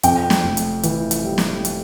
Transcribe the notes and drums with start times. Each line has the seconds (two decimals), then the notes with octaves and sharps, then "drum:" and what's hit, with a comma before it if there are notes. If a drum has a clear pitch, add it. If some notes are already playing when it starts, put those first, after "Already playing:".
0.03 F2 G5, drum: hi-hat
0.30 drum: snare
0.44 F1
0.57 drum: hi-hat
0.83 E3, drum: hi-hat
1.11 drum: hi-hat
1.24 G3
1.38 drum: snare
1.65 drum: hi-hat